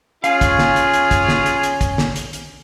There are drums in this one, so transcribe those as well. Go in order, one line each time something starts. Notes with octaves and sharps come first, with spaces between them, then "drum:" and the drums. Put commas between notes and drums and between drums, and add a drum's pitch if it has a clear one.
C#4 F4 G#4 F5, drum: hi-hat
drum: kick, hi-hat
drum: snare
drum: hi-hat
drum: hi-hat
drum: kick, hi-hat
drum: snare
drum: hi-hat
drum: hi-hat
drum: kick, hi-hat
drum: snare
drum: hi-hat
drum: hi-hat